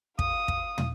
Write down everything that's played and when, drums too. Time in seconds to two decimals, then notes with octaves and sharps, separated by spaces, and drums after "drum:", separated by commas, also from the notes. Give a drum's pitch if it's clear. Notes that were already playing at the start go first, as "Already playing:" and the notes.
0.19 F5 D#6, drum: kick
0.48 drum: kick
0.78 drum: tom